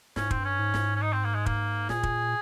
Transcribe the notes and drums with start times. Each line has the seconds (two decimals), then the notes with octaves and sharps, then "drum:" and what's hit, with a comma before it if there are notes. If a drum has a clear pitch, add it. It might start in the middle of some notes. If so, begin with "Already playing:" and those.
0.16 G#2 C#4, drum: snare
0.31 C4, drum: kick
0.38 G2
0.45 C#4
0.59 G#2
0.74 drum: snare
0.96 C#4
1.02 D#4
1.13 C4
1.24 A#3
1.35 G#3
1.46 A#3, drum: kick
1.89 A#2 G#4, drum: snare
2.03 drum: kick